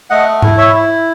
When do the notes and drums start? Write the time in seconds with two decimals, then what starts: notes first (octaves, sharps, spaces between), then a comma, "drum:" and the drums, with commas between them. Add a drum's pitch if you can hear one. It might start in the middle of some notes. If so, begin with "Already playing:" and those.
0.10 A3 D#5 F#5
0.42 E4, drum: tom G#2
0.58 C#5 E5
0.73 E4